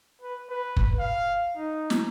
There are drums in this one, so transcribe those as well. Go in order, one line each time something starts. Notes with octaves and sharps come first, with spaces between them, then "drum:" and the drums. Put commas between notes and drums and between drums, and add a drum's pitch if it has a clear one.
B4
B4
drum: kick
F5
D#4
drum: snare